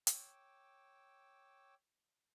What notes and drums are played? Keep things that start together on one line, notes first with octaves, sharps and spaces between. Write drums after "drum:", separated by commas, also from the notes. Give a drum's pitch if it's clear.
C#5 G5 D6 E6, drum: hi-hat